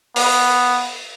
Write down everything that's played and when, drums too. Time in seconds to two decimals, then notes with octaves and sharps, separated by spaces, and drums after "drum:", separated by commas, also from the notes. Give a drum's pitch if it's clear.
0.16 B3, drum: open hi-hat